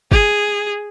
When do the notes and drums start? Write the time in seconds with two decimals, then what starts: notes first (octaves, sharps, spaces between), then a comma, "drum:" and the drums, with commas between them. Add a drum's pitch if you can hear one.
0.12 G#4, drum: kick